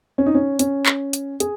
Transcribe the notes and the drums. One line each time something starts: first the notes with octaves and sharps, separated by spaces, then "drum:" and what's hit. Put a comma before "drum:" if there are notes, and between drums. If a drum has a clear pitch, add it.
C#4
D#4
C#4
C#4, drum: hi-hat
drum: clap
drum: hi-hat
G#4, drum: hi-hat